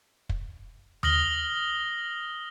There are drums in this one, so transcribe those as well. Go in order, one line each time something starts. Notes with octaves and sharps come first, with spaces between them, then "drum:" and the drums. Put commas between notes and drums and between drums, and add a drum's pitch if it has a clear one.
drum: kick
D#6 F6 A#6 F#7 G7, drum: tom D#2